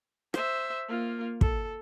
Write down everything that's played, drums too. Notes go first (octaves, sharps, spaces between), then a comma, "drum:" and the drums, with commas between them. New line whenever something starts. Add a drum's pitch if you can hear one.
C5 E5, drum: rim click
A#3 F4
A4, drum: kick